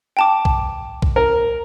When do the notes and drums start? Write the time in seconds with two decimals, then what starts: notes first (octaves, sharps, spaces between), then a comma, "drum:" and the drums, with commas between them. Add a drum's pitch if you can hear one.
0.17 G5 A5 D6
0.45 drum: kick B1
1.02 drum: kick B1
1.16 A#4